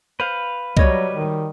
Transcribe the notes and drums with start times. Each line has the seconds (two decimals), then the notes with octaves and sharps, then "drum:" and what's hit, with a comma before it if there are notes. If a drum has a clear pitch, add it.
0.20 B4 C5 F5
0.77 F#3 G3 F#4 C#5 D#5, drum: kick C2
1.13 D#3